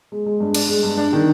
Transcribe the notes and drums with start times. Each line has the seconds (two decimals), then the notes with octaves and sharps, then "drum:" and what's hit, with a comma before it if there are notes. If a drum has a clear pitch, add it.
0.12 G#3
0.26 G#3
0.40 G2
0.54 D4, drum: cymbal
0.69 G#3
0.83 G2
0.98 D4
1.13 D#3